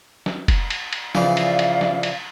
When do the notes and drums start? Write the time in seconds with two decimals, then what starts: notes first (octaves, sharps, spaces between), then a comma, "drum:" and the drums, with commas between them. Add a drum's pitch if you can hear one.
0.26 drum: snare
0.48 drum: kick F1, cymbal
0.70 drum: cymbal
0.93 drum: cymbal
1.15 C#3 E3 F3 D5 F5, drum: snare
1.37 drum: cymbal
1.59 drum: cymbal
1.81 drum: snare
2.03 drum: cymbal